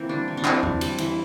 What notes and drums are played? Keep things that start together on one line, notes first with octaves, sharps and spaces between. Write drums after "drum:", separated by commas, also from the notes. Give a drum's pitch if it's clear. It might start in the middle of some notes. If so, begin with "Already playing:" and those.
Already playing: E3 A#3 C4
G3 D4
E3
D4
E3 C4, drum: clap
E3, drum: tom E2
G3, drum: cymbal
E3, drum: cymbal